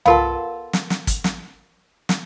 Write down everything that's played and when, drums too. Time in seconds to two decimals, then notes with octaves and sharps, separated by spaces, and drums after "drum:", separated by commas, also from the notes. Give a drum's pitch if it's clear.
0.06 B3 F4 A4 A#4 F5, drum: tom C2
0.73 drum: snare
0.90 drum: snare
1.07 drum: kick, hi-hat
1.24 drum: snare
2.09 drum: snare